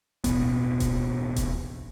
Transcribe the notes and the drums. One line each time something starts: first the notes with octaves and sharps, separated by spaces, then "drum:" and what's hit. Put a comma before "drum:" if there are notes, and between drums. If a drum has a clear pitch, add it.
E1 A1 B2 B3, drum: kick D#1, hi-hat
drum: kick D#1, hi-hat
drum: kick D#1, hi-hat